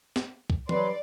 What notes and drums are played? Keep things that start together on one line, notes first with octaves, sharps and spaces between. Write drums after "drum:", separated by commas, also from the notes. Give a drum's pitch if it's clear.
drum: snare
drum: kick
G2 F#3 B4 D5 C6, drum: tom E3